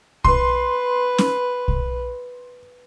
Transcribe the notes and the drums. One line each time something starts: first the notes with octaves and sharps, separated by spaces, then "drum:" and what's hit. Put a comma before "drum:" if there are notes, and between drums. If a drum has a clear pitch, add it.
B4 C6, drum: kick
drum: snare C#4
drum: kick